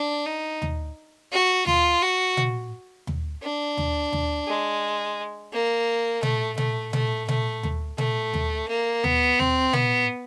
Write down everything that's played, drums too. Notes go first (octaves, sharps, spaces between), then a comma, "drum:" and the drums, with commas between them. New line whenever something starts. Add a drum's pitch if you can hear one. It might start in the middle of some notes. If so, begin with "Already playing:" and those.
Already playing: D4
D#4
drum: tom D#2
F#4
F4, drum: tom D#2
F#4
drum: tom A#2
drum: tom D#2
D4
drum: tom D#2
drum: tom D#2
G#3
A#3
A3, drum: tom A#2
A3, drum: tom A#2
A3, drum: tom A#2
A3, drum: tom A#2
drum: tom D#2
A3, drum: tom A#2
drum: tom D#2
A#3
B3, drum: tom D#2
C4, drum: tom D#2
B3, drum: tom A#2